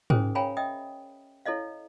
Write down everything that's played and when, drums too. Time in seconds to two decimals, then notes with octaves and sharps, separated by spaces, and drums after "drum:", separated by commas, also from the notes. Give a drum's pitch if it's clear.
0.10 C#4 G#4 A#4 C5 G#5 D#6, drum: tom G#2
0.35 C#5 F5 G5 G#5 A#5 B5
0.57 D#5 E5 G5 D#6
1.46 E4 A4 C#5 D#5 F5